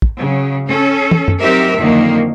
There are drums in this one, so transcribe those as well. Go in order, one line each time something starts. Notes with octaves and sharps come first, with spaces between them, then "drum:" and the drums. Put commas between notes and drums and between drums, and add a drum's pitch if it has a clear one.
drum: kick
C#3 F#3
C#4 A4
drum: tom
drum: tom
F#3 C4 D#4 G4 A#4 E5
F2 D3 D#3 F#3 A#3